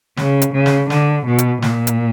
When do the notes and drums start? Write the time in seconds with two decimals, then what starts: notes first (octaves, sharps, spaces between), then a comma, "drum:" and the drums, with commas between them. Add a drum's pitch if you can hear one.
0.17 C#3, drum: snare
0.42 drum: hi-hat
0.54 C#3
0.66 drum: snare
0.90 D3, drum: snare
1.26 B2
1.38 drum: hi-hat
1.62 A#2, drum: snare
1.87 drum: hi-hat